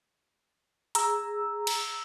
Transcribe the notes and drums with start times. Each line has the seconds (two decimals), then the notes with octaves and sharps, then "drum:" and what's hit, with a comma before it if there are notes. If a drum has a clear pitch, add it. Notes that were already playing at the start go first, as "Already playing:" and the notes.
0.95 G#4 A#5 E6, drum: hi-hat
1.67 drum: cymbal